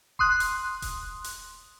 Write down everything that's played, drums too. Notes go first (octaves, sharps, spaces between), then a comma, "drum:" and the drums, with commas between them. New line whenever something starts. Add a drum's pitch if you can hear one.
C6 D#6 F#6, drum: kick E1
drum: hi-hat
drum: kick E1, hi-hat
drum: hi-hat